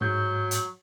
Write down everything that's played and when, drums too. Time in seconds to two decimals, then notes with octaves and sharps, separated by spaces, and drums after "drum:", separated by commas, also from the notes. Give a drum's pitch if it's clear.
0.01 G#2 F#3 G6
0.51 drum: hi-hat